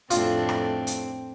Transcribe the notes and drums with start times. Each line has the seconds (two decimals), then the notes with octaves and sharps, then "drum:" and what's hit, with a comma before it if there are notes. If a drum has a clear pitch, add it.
0.11 F2 A2 C4 D4 F4, drum: hi-hat
0.49 drum: rim click
0.87 drum: hi-hat